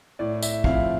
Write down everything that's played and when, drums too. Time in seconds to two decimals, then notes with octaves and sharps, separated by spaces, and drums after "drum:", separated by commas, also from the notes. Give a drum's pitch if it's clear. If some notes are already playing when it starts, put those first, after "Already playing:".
0.19 A2 D5
0.43 E5, drum: tambourine
0.64 F3 C4 E4 F5, drum: kick